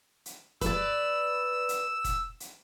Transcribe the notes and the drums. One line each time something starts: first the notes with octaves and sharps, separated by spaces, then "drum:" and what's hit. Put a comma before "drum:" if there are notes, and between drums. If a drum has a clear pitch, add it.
drum: hi-hat
B4 D5 E6, drum: kick E1, hi-hat
drum: hi-hat
drum: kick E1, hi-hat
drum: hi-hat